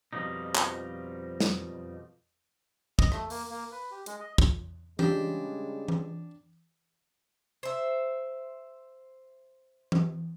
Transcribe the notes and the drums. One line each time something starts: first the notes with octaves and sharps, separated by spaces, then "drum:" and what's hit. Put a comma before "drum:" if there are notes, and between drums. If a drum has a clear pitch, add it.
F2 B2 E3 F3 G3 D#4
drum: clap
drum: snare
D#5, drum: kick
A3, drum: rim click
A#3, drum: open hi-hat
A#3
B4
G4
G#3, drum: hi-hat
D#5
drum: kick
C#3 G3 G#3 D4 G4, drum: tom E3
drum: tom E3
C5 E5
drum: tom E3